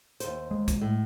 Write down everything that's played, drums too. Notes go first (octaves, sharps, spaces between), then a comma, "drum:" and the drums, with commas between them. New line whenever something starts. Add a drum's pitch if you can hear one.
D#2 C5, drum: hi-hat
G#3
drum: kick, hi-hat
A2